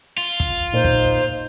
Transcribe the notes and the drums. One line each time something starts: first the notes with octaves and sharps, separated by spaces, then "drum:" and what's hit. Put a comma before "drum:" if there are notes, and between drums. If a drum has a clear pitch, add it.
F4
drum: kick
A#2 D#4 C5
drum: kick